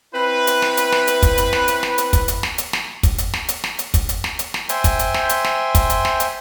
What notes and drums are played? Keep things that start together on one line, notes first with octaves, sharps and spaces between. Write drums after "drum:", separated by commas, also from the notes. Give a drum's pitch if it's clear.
C4 E4 B4
drum: hi-hat
drum: snare
drum: hi-hat
drum: snare
drum: hi-hat
drum: kick, hi-hat
drum: hi-hat
drum: snare
drum: hi-hat
drum: snare
drum: hi-hat
drum: kick, hi-hat
drum: hi-hat
drum: snare
drum: hi-hat
drum: snare
drum: kick, hi-hat
drum: hi-hat
drum: snare
drum: hi-hat
drum: snare
drum: hi-hat
drum: kick, hi-hat
drum: hi-hat
drum: snare
drum: hi-hat
drum: snare
C5 E5 G5 G#5 C6, drum: hi-hat
drum: kick, hi-hat
drum: hi-hat
drum: snare
drum: hi-hat
drum: snare
drum: kick, hi-hat
drum: hi-hat
drum: snare
drum: hi-hat